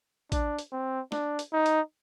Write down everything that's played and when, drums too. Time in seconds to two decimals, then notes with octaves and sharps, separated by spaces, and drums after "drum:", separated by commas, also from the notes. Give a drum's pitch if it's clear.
0.32 D4, drum: kick, hi-hat
0.59 drum: hi-hat
0.72 C4
1.12 D4, drum: snare
1.39 drum: hi-hat
1.52 D#4
1.66 drum: hi-hat